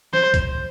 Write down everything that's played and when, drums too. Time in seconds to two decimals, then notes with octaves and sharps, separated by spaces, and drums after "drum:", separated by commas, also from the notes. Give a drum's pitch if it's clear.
0.13 C5, drum: snare
0.34 drum: kick, hi-hat